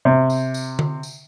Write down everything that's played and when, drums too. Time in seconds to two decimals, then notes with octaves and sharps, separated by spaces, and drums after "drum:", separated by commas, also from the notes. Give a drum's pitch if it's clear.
0.05 C3
0.30 drum: tambourine
0.54 drum: tambourine
0.79 drum: tom D3
1.03 drum: tambourine